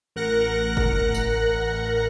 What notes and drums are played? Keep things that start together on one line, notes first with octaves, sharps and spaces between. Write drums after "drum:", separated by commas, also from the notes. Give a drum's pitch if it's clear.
A1 A#4 F#5 F#6 A#6 C#7
drum: kick
drum: tambourine